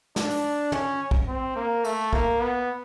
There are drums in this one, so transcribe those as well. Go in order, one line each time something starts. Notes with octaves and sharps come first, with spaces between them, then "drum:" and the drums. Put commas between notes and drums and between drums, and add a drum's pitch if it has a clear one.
D4, drum: snare
drum: open hi-hat
C#4, drum: tom
drum: kick
C4
A#3
A3, drum: cymbal
A#3, drum: kick
B3